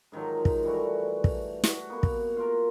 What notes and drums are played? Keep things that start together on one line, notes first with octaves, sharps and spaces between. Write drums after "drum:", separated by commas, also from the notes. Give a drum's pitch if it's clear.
G#2 D#3 F3 F#3
drum: kick
E3 G3 A3 F#4
drum: kick
F#4, drum: snare
A#3 B3 F#4
drum: kick
F4 A#4